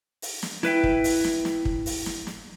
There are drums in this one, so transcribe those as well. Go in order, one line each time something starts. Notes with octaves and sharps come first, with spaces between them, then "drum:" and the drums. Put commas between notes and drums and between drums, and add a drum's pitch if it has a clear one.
drum: open hi-hat
drum: snare
E4 B4 E5 G5, drum: snare
drum: kick
drum: open hi-hat
drum: snare
drum: snare
drum: kick
drum: open hi-hat
drum: snare
drum: snare